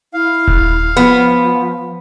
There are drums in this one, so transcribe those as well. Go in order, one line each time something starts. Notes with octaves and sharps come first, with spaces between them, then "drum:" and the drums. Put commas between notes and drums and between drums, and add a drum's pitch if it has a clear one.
E4 F5
drum: kick D#1
F3 B3